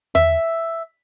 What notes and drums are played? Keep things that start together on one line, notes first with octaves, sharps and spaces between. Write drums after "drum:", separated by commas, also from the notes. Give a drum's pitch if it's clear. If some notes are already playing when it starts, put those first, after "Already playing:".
E5, drum: tom E2